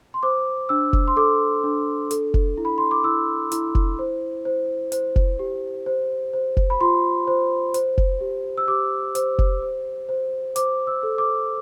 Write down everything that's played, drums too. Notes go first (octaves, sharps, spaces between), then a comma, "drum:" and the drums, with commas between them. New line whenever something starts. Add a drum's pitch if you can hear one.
C6
C5 D6
D4 E6
drum: kick F1
C6
A4 D6
D4
A4, drum: hi-hat
drum: kick F1
E4
B5
C6
D6
E4 E6
E4, drum: hi-hat
drum: kick F1
C5
C5
C5, drum: hi-hat
drum: kick F1
G4
C5
C5
drum: kick F1
B5
F4 C6
C5
C5, drum: hi-hat
drum: kick F1
G4
E6
G4 D6
C5, drum: hi-hat
drum: kick F1
C5
C5
C5 D6, drum: hi-hat
E6
A4
D6